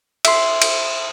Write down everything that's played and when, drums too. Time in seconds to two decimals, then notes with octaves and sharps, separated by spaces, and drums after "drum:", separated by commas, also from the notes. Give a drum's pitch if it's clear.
0.25 E5 C6, drum: cymbal
0.62 drum: cymbal